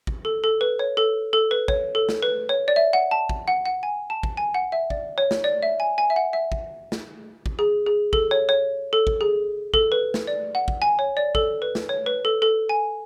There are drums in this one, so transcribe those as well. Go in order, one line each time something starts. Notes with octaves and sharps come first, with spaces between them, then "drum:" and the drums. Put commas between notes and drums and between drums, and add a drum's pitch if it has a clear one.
drum: kick
A4
A4
B4
C#5
A4
A4
B4
C#5, drum: kick
A4
drum: snare
B4
C#5
D5
E5
F#5
A5
drum: kick
F#5
F#5
G#5
A5
drum: kick
G#5
F#5
E5
D5, drum: kick
C#5
drum: snare
D5
E5
G#5
G#5
E5
F#5
E5
drum: kick
drum: snare
drum: kick
G#4
G#4
A4, drum: kick
C#5
C#5
A4
drum: kick
G#4
A4, drum: kick
B4
drum: snare
D5
F#5
drum: kick
G#5
C#5
D5
A4, drum: kick
B4
drum: snare
C#5
B4
A4
A4
G#5